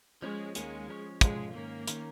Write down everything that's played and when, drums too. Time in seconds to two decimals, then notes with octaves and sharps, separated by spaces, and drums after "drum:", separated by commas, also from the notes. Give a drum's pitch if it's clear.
0.22 F3 G#3 C#4 A#4 C#5
0.55 D#2 D#3 G#3 A#3 C#4, drum: hi-hat
0.88 F3 C#4 A#4 C#5
1.21 G#2 F3 G#3 C#4 F4, drum: kick, hi-hat
1.54 G#2 D#3 A#3 C#4
1.87 D#3 C#4 A#4, drum: hi-hat